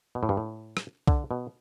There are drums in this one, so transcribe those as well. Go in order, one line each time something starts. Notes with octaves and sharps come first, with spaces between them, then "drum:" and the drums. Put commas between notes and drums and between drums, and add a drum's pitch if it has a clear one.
B2
A2
G2
A2
drum: rim click
D3, drum: kick C2
B2